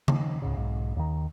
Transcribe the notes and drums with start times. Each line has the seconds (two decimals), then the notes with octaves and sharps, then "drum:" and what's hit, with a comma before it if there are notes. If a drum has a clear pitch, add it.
0.08 D#3 F3, drum: tom C#3
0.42 C#2 G#2 C#3
0.56 B1 G#2
0.96 D#2 D#3